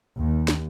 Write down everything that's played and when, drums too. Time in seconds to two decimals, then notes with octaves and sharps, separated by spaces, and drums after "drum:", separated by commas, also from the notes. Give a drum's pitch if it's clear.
0.16 D#2
0.48 drum: snare